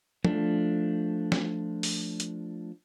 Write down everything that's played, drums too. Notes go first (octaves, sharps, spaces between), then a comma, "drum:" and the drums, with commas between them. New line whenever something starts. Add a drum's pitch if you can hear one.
F3 A3 D4, drum: tom
drum: snare
drum: open hi-hat
drum: hi-hat